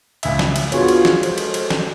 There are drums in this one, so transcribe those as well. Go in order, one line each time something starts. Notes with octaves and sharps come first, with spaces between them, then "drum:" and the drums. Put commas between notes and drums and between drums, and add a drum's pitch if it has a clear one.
C#2 E5, drum: cymbal
drum: snare
drum: cymbal
B3 D4 F4 F#4 G#4 C#5, drum: cymbal
drum: cymbal
drum: snare
G#3 A4 C5, drum: cymbal
drum: cymbal
drum: cymbal
drum: snare